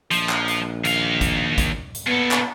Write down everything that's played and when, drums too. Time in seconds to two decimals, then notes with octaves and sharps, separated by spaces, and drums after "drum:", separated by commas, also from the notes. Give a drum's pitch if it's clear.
0.11 A#1 F3, drum: hi-hat
0.29 drum: clap
0.48 drum: hi-hat
0.85 D#2 F5, drum: hi-hat
1.21 drum: kick, hi-hat
1.58 drum: kick, hi-hat
1.95 drum: hi-hat
2.07 A#2 B3 A4
2.31 drum: clap